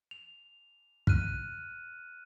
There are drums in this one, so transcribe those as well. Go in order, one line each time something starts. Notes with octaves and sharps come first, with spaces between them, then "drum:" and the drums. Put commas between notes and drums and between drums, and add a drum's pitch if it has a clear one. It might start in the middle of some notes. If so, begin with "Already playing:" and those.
F7
F6 F#6 D#7, drum: kick